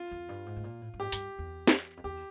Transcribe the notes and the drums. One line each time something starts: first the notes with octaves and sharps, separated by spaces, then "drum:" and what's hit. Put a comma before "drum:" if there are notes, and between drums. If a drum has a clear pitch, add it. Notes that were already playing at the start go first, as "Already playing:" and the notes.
Already playing: F4
F2
G2
G#2
A2
A#2
A2
G2
G#2 G4
G2, drum: hi-hat
E2
drum: snare
F2
E2 G4